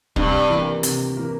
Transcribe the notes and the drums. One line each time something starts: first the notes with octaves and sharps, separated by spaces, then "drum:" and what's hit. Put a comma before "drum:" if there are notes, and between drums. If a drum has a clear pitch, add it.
G2 C3, drum: kick
E3 A#3
C3, drum: hi-hat
E3 A#3